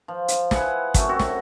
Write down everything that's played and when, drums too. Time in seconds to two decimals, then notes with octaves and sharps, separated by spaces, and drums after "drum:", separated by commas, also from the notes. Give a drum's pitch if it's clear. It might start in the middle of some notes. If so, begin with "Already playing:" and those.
0.08 F3
0.28 drum: hi-hat
0.51 E4 G#4 B4 F#5, drum: snare
0.94 F#2 A3, drum: kick, hi-hat
1.09 C4 F#4 A4
1.19 drum: snare